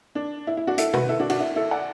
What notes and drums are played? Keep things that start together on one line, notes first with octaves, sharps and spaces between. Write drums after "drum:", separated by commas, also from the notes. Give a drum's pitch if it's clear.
D4
E4
E4
D4 F#4
E4 A4, drum: hi-hat
F#4 B4, drum: tom B2
E4 A4
D4 F#4
D4 F#4, drum: cymbal
E4
E4 A4
D5 F#5